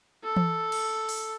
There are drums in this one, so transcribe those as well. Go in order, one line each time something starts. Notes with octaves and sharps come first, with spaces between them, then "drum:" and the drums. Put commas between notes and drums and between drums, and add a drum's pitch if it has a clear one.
A4
drum: tom E3
drum: cymbal
drum: open hi-hat